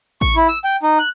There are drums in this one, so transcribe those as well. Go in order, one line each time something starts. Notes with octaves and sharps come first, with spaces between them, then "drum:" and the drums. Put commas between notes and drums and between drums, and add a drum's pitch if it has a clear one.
C#6, drum: kick A1
E4
E6
G5
D#4
F#6